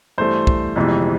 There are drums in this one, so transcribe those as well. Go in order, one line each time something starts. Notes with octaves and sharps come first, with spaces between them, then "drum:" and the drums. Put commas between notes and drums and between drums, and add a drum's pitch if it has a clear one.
G2 E3 A3 C5
drum: kick
G1 F2 C3 E3 G#3